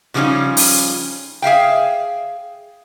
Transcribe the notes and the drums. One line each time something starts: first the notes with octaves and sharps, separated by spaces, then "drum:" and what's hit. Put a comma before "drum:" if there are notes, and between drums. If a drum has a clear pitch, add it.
C#3 F3 G3 A3 C#4 D#4
drum: open hi-hat
G#4 E5 F5 G5